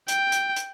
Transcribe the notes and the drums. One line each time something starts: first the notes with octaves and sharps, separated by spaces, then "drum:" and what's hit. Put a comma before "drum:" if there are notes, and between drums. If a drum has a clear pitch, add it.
G5, drum: hi-hat
drum: hi-hat
drum: hi-hat